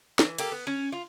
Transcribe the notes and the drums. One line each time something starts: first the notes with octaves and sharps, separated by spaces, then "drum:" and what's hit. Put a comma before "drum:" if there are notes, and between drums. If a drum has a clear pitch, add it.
E3, drum: snare
A#3 G4 A4, drum: cymbal
B3
C#4
F4